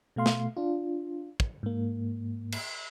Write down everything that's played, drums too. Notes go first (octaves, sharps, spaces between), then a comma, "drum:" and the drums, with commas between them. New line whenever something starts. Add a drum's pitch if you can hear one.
B2 A3 F5 C6
drum: snare
D4 F4
drum: kick
G#2 A#3
drum: cymbal